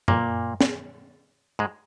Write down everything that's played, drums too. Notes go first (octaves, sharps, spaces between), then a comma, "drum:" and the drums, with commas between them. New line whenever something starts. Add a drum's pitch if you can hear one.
A#2 A#3, drum: tom F#2
drum: snare
G#2 G#3